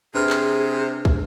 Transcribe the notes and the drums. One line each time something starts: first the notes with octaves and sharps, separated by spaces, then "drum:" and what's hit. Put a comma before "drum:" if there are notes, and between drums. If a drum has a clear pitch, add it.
C3 D4 G#4 B4 F6
drum: clap
drum: kick